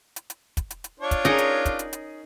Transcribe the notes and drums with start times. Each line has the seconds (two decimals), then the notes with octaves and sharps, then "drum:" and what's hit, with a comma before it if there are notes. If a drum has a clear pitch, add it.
0.16 drum: hi-hat
0.30 drum: hi-hat
0.57 drum: kick, hi-hat
0.70 drum: hi-hat
0.84 drum: hi-hat
1.00 D4 F4 C#5
1.11 drum: kick, hi-hat
1.25 C#4 D#4 G#4 A#4, drum: hi-hat
1.38 drum: hi-hat
1.65 drum: kick, hi-hat
1.79 drum: hi-hat
1.93 drum: hi-hat